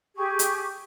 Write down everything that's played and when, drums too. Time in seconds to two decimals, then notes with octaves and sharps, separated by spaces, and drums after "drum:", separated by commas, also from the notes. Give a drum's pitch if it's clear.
0.16 G4 G#4 C#6
0.39 drum: hi-hat